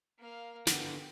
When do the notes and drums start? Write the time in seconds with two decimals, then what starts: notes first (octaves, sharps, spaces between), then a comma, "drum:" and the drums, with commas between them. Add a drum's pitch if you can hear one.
0.19 A#3 F5
0.67 D3 B3 G5, drum: snare